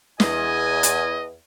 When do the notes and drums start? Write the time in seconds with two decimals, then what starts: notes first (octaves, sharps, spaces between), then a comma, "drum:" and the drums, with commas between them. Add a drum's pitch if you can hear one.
0.20 E2 D#5 G#5, drum: snare
0.83 drum: hi-hat